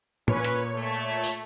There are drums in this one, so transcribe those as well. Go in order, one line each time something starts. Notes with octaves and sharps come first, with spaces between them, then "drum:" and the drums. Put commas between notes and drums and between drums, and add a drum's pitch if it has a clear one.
A#2 C#4 B4 C#5, drum: tom
drum: hi-hat
A3
drum: tambourine